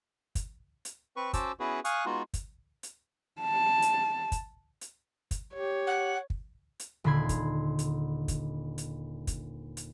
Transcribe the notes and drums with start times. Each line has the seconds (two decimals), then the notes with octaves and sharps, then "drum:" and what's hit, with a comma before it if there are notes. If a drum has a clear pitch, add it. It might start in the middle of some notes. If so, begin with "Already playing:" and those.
0.35 drum: kick, hi-hat
0.85 drum: hi-hat
1.16 C4 B4 C#6
1.33 C#4 F#4 C5 A5 D6 E6, drum: kick, hi-hat
1.60 B3 C#4 E4 F#4 G#4 B4
1.85 F5 G#5 C#6 D#6 F#6, drum: hi-hat
2.06 G#3 B3 D#4 F4 F#4
2.34 drum: kick, hi-hat
2.83 drum: hi-hat
3.41 A5
3.82 drum: hi-hat
4.32 drum: kick, hi-hat
4.81 drum: hi-hat
5.31 drum: kick, hi-hat
5.54 G4 C#5
5.87 F#5
6.30 drum: kick
6.80 drum: hi-hat
7.04 D#1 D3 B5 C6 G#6
7.29 drum: kick, hi-hat
7.79 drum: hi-hat
8.28 drum: kick, hi-hat
8.78 drum: hi-hat
9.27 drum: kick, hi-hat
9.77 drum: hi-hat